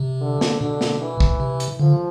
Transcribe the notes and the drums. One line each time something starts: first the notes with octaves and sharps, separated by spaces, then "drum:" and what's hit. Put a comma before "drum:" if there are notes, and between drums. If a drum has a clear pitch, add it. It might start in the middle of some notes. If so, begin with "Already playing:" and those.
Already playing: C3
D3
drum: snare
B2 D3
drum: snare
E3
drum: kick
C3
drum: hi-hat
D3 F3